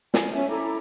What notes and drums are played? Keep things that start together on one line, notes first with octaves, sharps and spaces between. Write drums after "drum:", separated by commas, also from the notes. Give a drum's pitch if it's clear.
G#5, drum: snare
C#4 E5 G#5
E4 A4 A#5 D6